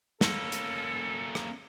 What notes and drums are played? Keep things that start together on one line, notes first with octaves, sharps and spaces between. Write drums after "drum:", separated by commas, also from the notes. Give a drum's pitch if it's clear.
A#3 C#4 A4, drum: snare
drum: hi-hat
drum: rim click